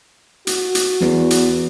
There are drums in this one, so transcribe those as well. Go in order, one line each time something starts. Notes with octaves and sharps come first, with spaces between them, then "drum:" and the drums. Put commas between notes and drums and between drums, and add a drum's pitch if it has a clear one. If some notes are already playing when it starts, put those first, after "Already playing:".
F#4, drum: hi-hat
drum: hi-hat
E2, drum: snare
drum: hi-hat